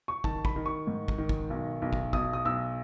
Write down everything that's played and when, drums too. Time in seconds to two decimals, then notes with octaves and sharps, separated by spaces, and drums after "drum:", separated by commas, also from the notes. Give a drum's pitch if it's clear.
0.08 C#6
0.24 D#3 A5, drum: kick
0.45 B5, drum: kick
0.56 D#3
0.66 C#6
0.87 G#2
1.08 drum: kick
1.18 D#3
1.29 drum: kick
1.50 B1
1.82 B1
1.93 drum: kick
2.13 B1 D#6, drum: kick
2.33 D#6
2.45 B1 E6